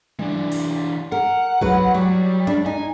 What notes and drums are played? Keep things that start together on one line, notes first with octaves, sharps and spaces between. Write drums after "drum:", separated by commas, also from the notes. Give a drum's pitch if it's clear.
E3 D4, drum: tom F#3
drum: open hi-hat
A#4 F#5
F#3 B4, drum: kick
F#3 G3
D4, drum: tom F#3
D#4 G#5